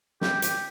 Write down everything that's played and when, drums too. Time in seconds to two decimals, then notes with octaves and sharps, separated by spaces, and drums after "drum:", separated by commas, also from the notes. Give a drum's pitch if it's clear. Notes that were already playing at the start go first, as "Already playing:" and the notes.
0.21 G4, drum: snare
0.42 G4, drum: hi-hat